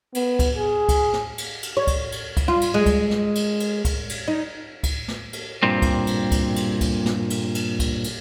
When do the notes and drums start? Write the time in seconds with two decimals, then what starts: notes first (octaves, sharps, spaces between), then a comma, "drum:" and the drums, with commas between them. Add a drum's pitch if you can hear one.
0.15 B3, drum: cymbal
0.39 drum: kick, cymbal
0.57 G#4
0.89 drum: kick, cymbal
1.13 drum: snare
1.38 drum: cymbal
1.63 drum: cymbal
1.77 C#5
1.87 drum: kick, cymbal
2.12 drum: cymbal
2.37 drum: kick, cymbal
2.48 F4
2.61 drum: cymbal
2.74 G#3
2.86 drum: kick, cymbal
3.11 drum: snare
3.35 drum: cymbal
3.60 drum: cymbal
3.85 drum: kick, cymbal
4.09 drum: cymbal
4.28 D#4
4.83 drum: kick, cymbal
5.08 drum: snare
5.33 drum: cymbal
5.63 G2 A#2 C4
5.82 drum: kick, cymbal
6.07 drum: cymbal
6.32 drum: kick, cymbal
6.56 drum: cymbal
6.81 drum: kick, cymbal
7.06 drum: snare
7.30 drum: cymbal
7.55 drum: cymbal
7.80 drum: kick, cymbal
8.04 drum: cymbal